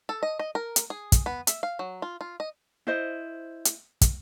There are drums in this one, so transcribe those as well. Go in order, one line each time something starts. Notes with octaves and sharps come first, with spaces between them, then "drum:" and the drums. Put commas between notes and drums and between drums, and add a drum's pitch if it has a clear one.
A4
D#5
D#5
A#4
drum: hi-hat
G#4
drum: kick, hi-hat
B3
E5, drum: hi-hat
F5
F#3
F4
F4
D#5
E4 C5 D#5
drum: hi-hat
drum: kick, hi-hat